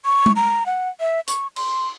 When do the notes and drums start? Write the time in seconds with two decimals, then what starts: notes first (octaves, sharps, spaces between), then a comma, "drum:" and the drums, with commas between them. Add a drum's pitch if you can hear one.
0.05 C#6
0.26 drum: tom G#3
0.36 A#5
0.66 F#5
1.00 E5
1.28 C#6, drum: hi-hat
1.56 C6, drum: cymbal